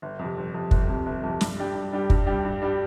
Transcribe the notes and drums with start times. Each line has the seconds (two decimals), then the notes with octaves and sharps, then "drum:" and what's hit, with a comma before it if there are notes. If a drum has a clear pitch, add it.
0.02 G1
0.19 F2
0.24 C3
0.37 G1
0.54 F2 C3
0.71 G1, drum: kick
0.88 F2 C3
1.06 G1
1.23 F2 C3
1.41 G2, drum: snare
1.58 G3 D4 G4
1.75 G2
1.92 G3 D4 G4
2.10 G2, drum: kick
2.27 G3 D4 G4
2.45 G2
2.62 G3 D4 G4